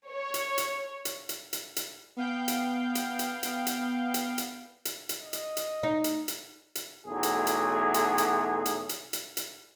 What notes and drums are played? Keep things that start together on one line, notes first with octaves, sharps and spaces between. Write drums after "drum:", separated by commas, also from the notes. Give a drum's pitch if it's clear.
C#5
drum: hi-hat
drum: hi-hat
drum: hi-hat
drum: hi-hat
drum: hi-hat
drum: hi-hat
B3 F5 G5 G6
drum: hi-hat
drum: hi-hat
drum: hi-hat
drum: hi-hat
drum: hi-hat
drum: hi-hat
drum: hi-hat
drum: hi-hat
drum: hi-hat
D#5
drum: hi-hat
drum: hi-hat
D#4
drum: hi-hat
drum: hi-hat
drum: hi-hat
B1 E2 F#3 A3 G#4
drum: hi-hat
drum: hi-hat
drum: hi-hat
drum: hi-hat
drum: hi-hat
drum: hi-hat
drum: hi-hat
drum: hi-hat